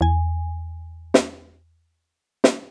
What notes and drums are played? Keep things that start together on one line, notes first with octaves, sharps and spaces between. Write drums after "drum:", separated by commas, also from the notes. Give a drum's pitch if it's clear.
E2 G#5
drum: snare
drum: snare